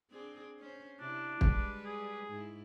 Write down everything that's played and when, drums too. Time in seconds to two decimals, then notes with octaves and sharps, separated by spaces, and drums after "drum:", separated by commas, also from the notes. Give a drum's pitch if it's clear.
0.11 C4 D4 G#4
0.60 C#4 C5
1.00 C3 D4 E4
1.41 G3 G#3 B4, drum: kick
1.86 G#4
2.26 G#2 E4